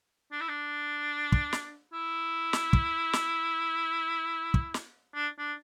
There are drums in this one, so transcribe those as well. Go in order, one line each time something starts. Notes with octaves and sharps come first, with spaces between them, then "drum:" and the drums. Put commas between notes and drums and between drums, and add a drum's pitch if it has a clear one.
D4
E4
D4
drum: kick
drum: snare
E4
drum: snare
drum: kick
drum: snare
drum: kick
drum: snare
D4
D4